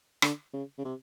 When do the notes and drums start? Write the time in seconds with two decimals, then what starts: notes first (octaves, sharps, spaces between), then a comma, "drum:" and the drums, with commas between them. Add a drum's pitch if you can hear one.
0.22 D3, drum: rim click
0.53 C#3
0.78 C#3
0.85 C3